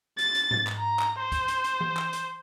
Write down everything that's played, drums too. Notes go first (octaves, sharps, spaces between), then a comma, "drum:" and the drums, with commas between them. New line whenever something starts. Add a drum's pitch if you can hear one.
A6, drum: hi-hat
drum: hi-hat
drum: tom G#2
drum: clap
A#5
drum: clap
C5
drum: kick, hi-hat
drum: hi-hat
drum: hi-hat
drum: tom E3
drum: clap
drum: hi-hat